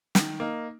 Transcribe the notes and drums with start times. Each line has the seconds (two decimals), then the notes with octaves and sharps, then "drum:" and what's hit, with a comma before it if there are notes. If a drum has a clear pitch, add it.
0.15 D#3, drum: snare
0.40 A#3 D#4